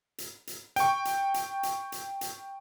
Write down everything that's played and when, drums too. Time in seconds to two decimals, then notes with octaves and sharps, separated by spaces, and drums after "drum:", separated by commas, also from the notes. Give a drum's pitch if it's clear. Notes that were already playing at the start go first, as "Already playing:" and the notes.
0.18 drum: hi-hat
0.47 drum: hi-hat
0.76 G5 C#6, drum: hi-hat
1.05 drum: hi-hat
1.34 drum: hi-hat
1.63 drum: hi-hat
1.92 drum: hi-hat
2.21 drum: hi-hat